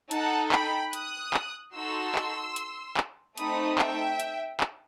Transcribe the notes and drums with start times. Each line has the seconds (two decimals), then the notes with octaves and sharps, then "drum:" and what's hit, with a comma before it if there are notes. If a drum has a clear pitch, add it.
0.11 D#4 A4 F#5 A5, drum: hi-hat
0.52 G5 B5, drum: clap
0.93 D#6 F#6, drum: hi-hat
1.34 drum: clap
1.75 D#4 F#4 A4 C6 E6
2.15 drum: clap
2.56 drum: hi-hat
2.97 drum: clap
3.38 A3 C4 D#4 A4 B5 D#6, drum: hi-hat
3.79 E5 G5, drum: clap
4.20 drum: hi-hat
4.60 drum: clap